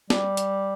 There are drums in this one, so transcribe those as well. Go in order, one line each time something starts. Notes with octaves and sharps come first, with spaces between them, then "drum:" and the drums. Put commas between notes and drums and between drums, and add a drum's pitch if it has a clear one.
G3, drum: snare
drum: hi-hat